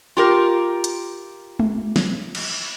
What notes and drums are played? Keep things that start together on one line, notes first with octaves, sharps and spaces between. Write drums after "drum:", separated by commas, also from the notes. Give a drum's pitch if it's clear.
F4 G4 A#4
drum: hi-hat
drum: tom G#3
drum: snare
drum: cymbal